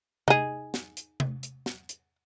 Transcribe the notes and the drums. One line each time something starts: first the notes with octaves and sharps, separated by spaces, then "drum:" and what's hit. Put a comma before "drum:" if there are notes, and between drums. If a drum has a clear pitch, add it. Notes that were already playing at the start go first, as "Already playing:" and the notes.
D#4 G#4, drum: tom C3
drum: snare
drum: hi-hat
drum: tom C3
drum: hi-hat
drum: snare
drum: hi-hat